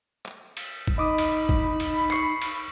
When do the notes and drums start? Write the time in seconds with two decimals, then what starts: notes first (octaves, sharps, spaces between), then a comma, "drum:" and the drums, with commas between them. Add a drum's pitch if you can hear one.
0.26 drum: clap
0.57 drum: cymbal
0.87 drum: kick G#1
0.98 D#4 D#5 B5 D6 D#6
1.18 drum: cymbal
1.49 drum: kick G#1
1.80 drum: cymbal
2.11 C#6 C7 C#7, drum: clap
2.41 drum: cymbal